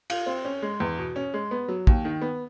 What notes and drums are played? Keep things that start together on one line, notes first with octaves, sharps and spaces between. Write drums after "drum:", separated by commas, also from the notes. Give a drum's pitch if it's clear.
F4, drum: cymbal
C4
C#4
G#3
E2
B2
C#4
G#3
B3
F#3
D#2, drum: kick
D#3
B3